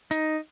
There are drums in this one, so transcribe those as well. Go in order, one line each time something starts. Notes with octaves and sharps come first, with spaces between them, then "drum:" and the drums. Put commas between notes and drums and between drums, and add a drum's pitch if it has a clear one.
D#4, drum: hi-hat